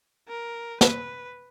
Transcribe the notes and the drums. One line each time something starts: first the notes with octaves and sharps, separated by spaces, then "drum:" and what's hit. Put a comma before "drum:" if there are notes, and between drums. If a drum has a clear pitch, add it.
A#4
B4, drum: snare